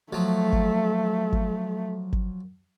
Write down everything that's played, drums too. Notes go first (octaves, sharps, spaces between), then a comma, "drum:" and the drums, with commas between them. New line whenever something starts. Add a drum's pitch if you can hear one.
F3 F#3 A3
drum: kick G1
drum: kick G1
drum: kick G1